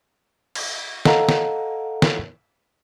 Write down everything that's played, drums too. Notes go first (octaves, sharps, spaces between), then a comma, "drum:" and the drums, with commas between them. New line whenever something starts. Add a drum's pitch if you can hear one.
drum: cymbal
A4 D#5 F5 F#5 A#5, drum: snare
drum: snare
drum: snare